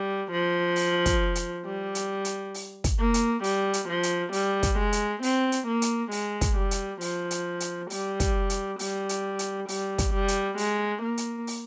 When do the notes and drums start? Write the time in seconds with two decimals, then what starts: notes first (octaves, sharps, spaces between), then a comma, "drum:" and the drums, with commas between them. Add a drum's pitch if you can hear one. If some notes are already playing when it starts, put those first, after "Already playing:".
Already playing: G3
0.31 F3
0.76 drum: open hi-hat
1.06 drum: kick, hi-hat
1.35 drum: hi-hat
1.65 G3
1.95 drum: hi-hat
2.25 drum: hi-hat
2.54 drum: open hi-hat
2.84 drum: kick, hi-hat
2.99 A#3
3.14 drum: hi-hat
3.44 G3, drum: open hi-hat
3.73 drum: hi-hat
3.88 F3
4.03 drum: hi-hat
4.33 G3, drum: open hi-hat
4.63 drum: kick, hi-hat
4.78 G#3
4.92 drum: hi-hat
5.23 C4, drum: open hi-hat
5.52 drum: hi-hat
5.67 A#3
5.82 drum: hi-hat
6.11 G#3, drum: open hi-hat
6.41 drum: kick, hi-hat
6.57 G3
6.71 drum: hi-hat
7.01 F3, drum: open hi-hat
7.31 drum: hi-hat
7.60 drum: hi-hat
7.90 G3, drum: open hi-hat
8.20 drum: kick, hi-hat
8.50 drum: hi-hat
8.79 G3, drum: open hi-hat
9.09 drum: hi-hat
9.39 drum: hi-hat
9.69 G3, drum: open hi-hat
9.98 drum: kick, hi-hat
10.14 G3
10.28 drum: hi-hat
10.58 G#3, drum: open hi-hat
11.02 A#3
11.17 drum: hi-hat
11.47 drum: open hi-hat